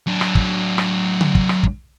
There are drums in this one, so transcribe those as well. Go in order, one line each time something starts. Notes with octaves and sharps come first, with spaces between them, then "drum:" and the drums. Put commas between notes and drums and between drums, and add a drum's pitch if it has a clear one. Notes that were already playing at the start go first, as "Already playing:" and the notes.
F#3 D4
drum: rim click
drum: kick
drum: rim click
drum: tom C#3
drum: kick
drum: rim click
drum: kick